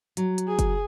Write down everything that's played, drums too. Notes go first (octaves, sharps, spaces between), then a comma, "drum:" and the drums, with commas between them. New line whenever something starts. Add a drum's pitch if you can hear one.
F#3, drum: hi-hat
drum: hi-hat
G#4
drum: kick, hi-hat